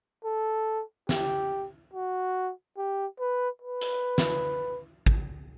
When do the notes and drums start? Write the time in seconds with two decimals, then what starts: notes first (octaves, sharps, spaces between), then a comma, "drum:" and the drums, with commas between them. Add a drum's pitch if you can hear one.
0.25 A4
1.09 G4, drum: snare
1.94 F#4
2.77 G4
3.20 B4
3.62 B4
3.81 drum: hi-hat
4.18 drum: snare
5.06 drum: kick